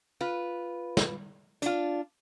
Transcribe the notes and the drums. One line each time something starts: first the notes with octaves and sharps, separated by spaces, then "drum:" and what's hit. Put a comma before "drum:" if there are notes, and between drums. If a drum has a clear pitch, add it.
F4 B4
drum: snare
D4 F4, drum: hi-hat